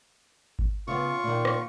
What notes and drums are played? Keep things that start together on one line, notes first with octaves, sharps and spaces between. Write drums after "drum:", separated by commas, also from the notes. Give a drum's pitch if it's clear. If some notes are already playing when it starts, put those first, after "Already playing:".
drum: kick G#1
C#3 B3 F4 C#6
A#2 D#3
drum: rim click